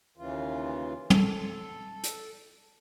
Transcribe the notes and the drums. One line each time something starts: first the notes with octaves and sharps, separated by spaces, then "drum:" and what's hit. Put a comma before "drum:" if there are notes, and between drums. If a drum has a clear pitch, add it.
D#2 C#3 E3 F4
A4, drum: tom
drum: hi-hat